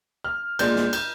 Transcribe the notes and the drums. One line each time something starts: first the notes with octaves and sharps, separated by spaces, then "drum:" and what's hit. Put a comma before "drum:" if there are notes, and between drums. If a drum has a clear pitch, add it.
F6
A#2 G#3 D4 G6, drum: cymbal
drum: snare
G6, drum: cymbal